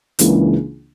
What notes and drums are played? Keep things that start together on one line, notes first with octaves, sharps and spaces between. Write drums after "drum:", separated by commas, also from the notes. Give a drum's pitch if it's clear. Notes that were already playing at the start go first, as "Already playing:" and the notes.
C#2 C#3 E3 A#3 D4, drum: hi-hat